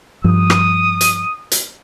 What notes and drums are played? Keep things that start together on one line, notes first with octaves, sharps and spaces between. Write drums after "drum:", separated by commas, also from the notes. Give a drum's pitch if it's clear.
G2 F3 D#6
drum: rim click
drum: hi-hat
drum: hi-hat